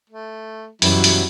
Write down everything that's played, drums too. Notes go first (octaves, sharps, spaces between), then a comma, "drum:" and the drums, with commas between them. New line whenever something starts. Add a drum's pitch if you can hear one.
A3
F#2 B2 E3 F#3 G3 E4, drum: open hi-hat
drum: open hi-hat